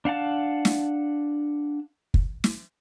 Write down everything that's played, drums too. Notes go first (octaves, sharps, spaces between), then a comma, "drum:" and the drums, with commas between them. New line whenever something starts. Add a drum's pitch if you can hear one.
D4 F5 F#5 A5
drum: snare
drum: kick
drum: snare